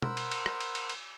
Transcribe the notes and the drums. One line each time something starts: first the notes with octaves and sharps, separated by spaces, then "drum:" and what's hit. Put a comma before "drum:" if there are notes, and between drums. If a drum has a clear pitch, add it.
A#4 C5 F#5 B5 E6, drum: tom
drum: cymbal
drum: cymbal
drum: rim click
drum: cymbal
drum: cymbal
drum: cymbal